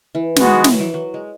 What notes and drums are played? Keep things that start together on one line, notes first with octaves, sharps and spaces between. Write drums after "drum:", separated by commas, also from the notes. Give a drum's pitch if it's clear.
E3
D#3 G#3 B3 F#4, drum: snare
E3, drum: snare
F#3
E3
F#3
G#3